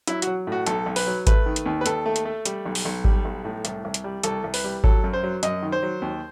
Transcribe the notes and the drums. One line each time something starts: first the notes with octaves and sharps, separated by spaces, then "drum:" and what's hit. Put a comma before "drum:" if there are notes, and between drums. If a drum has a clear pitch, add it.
F#3 E4, drum: hi-hat
F#3 F#4, drum: hi-hat
A2 F#4
B1 A4, drum: hi-hat
B1
B4, drum: open hi-hat
F#3
A3 B4, drum: kick G#1, hi-hat
D#3
drum: hi-hat
D#2
B4
D#2 A4, drum: hi-hat
A3
drum: hi-hat
A3
G3, drum: hi-hat
B1
drum: open hi-hat
B1
G3, drum: kick G#1
B1
A2
C2, drum: hi-hat
C2
drum: hi-hat
G3
C2 A4, drum: hi-hat
C2
B4, drum: open hi-hat
G3
F#3 A4, drum: kick G#1
F#2
C5
F#3
F#2 D#5, drum: hi-hat
D#3
C5
F#3
D#2